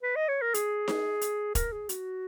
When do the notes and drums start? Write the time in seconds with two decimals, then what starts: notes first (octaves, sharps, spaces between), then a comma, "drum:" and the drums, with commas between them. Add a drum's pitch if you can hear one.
0.03 B4
0.16 D#5
0.28 C#5
0.42 A#4
0.54 G#4, drum: hi-hat
0.88 drum: snare D#4
1.21 drum: hi-hat
1.55 A#4, drum: kick, hi-hat
1.72 G#4
1.89 F#4, drum: hi-hat